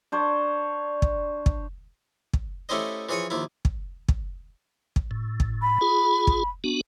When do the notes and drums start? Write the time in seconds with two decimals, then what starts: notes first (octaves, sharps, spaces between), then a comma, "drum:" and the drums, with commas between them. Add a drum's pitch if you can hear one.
0.12 D4 C5 C#5
1.02 drum: kick
1.46 drum: kick
2.33 drum: kick
2.69 A3 C#4 E4 G4 C5 D#5
3.09 E3 F3 G#4 C#5 G#5 C#6
3.30 D#2 F3 E4
3.65 drum: kick
4.08 drum: kick
4.96 drum: kick
5.11 A2
5.40 drum: kick
5.62 B5
5.81 F4 G#4
6.27 drum: kick
6.64 B3 D4 F#4